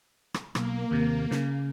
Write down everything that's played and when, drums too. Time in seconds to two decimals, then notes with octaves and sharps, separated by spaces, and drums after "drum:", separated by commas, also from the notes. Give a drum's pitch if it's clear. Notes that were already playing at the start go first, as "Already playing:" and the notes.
0.34 drum: rim click
0.55 B1 A#3, drum: rim click
0.91 D#2 C3
1.31 C#3, drum: snare